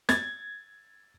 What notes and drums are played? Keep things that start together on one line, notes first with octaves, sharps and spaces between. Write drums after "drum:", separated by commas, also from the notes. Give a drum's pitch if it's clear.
G#6 A6, drum: snare